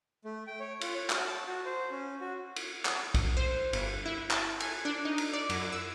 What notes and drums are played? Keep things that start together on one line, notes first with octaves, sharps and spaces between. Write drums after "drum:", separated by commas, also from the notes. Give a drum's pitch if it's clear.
A3
G5
C#5
F4, drum: cymbal
C#5
F#4, drum: clap
A5
F#4
C5
C#4
F#4
drum: cymbal
drum: clap
drum: kick B1, cymbal
C5
G1, drum: cymbal
E4
A5, drum: clap
G#5, drum: cymbal
D4
D#4
drum: cymbal
D5
F#2, drum: cymbal
E6